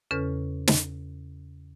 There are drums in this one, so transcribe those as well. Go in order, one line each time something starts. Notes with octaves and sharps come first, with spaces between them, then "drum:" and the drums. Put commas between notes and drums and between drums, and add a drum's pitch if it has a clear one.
E2 C#3 C#4 A4 B4 F6
drum: snare